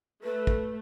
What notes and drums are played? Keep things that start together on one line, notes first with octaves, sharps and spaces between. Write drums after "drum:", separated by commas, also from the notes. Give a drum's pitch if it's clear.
A3 B4
drum: kick